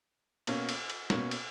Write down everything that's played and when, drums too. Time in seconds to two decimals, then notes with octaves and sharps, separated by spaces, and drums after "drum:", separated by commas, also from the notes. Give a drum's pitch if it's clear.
0.47 B2 A#3 C#4, drum: cymbal
0.69 drum: cymbal
0.90 drum: cymbal
1.10 B2 A#3 C#4, drum: snare
1.31 drum: cymbal